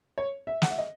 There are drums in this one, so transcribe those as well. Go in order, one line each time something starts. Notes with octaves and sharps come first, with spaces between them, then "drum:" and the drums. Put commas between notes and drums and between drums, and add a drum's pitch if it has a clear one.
C#5
E5
F#5, drum: snare
E5
D#5